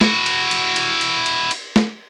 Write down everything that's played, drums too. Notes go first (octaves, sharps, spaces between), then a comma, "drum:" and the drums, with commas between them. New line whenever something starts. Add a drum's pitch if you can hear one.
E4 F#4, drum: snare A3
drum: cymbal
drum: cymbal
drum: cymbal
drum: cymbal
drum: cymbal
drum: cymbal
drum: snare A3